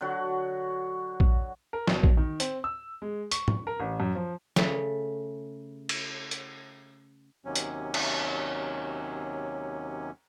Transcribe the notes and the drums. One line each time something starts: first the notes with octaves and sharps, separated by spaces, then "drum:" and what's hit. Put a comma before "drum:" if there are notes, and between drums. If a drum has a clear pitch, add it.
D3 F#3 F#4
drum: kick A#1
A#4
B1, drum: snare
drum: kick A#1
D#3
C4, drum: hi-hat
E6
G#3
C#6, drum: hi-hat
drum: tom
A#4
A1
F#2
F3
C#3 A3 A4, drum: snare
drum: cymbal
drum: hi-hat
D#2 C3 F#3 C#4
drum: hi-hat
drum: cymbal